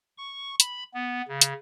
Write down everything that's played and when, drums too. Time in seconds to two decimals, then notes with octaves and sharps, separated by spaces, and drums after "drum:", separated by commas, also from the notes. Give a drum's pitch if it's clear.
0.18 C#6
0.60 B5, drum: hi-hat
0.94 B3
1.28 C#3
1.41 drum: hi-hat